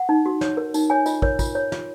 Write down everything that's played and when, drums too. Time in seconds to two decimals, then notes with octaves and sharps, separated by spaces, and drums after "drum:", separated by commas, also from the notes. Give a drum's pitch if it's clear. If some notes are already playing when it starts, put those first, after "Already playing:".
Already playing: F#5
0.09 D#4
0.26 F#4
0.41 C#5, drum: snare
0.57 A#4
0.74 D#4, drum: tambourine
0.90 C#5 G#5
1.06 F4 D#5, drum: tambourine
1.22 A#4 C#5, drum: kick
1.39 F4, drum: kick, tambourine
1.55 C#5
1.72 F4, drum: snare